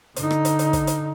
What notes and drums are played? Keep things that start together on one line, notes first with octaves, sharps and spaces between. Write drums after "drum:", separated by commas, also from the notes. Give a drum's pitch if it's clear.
D3 D#4, drum: hi-hat
drum: rim click
drum: hi-hat
drum: hi-hat
drum: kick, hi-hat
drum: hi-hat